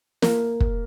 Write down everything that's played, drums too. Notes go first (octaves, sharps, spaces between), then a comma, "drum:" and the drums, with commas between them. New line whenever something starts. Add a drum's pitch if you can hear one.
A#3, drum: snare
drum: kick